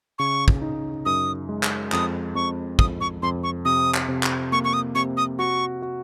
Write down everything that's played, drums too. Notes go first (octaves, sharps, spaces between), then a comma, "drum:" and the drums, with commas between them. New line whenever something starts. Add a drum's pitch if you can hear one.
C#3 C#6
drum: kick
D#4
F#2 D#6
G#3
drum: clap
F2 D#6, drum: clap
F2 C#6
F2 D#6, drum: kick
C#6
F2 C6
C#6
C3 D#6
drum: clap
C3
drum: clap
A#3 C#6
C#6
D#6
C3 C#6
D#6
F#4 C#6
F#4